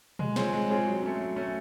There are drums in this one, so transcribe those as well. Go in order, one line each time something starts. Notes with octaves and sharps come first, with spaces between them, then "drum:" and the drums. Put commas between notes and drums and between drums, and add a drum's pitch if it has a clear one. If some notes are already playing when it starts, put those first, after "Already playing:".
G#3, drum: tom B2
C4 F4 G#4 C#5, drum: snare
G#3
C4 F4 G#4 C#5
F#3
A3 C#4
F#3
A3 C#4